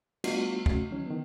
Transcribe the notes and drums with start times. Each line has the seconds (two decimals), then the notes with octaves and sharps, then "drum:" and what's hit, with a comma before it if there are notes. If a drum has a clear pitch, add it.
0.24 G3 A3 B3 D4 F4 F#4, drum: cymbal
0.66 C3 A3 C#4 F#4, drum: kick
0.91 D#3 F#3 C#4 E4
1.06 D#3 B3